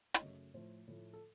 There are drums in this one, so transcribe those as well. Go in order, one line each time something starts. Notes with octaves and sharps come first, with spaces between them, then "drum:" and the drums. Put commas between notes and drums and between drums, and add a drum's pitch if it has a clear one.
D#5, drum: hi-hat
F#2 C#3 A3 C#5
A2 F3 A3 C5
A2 F3 A3
A4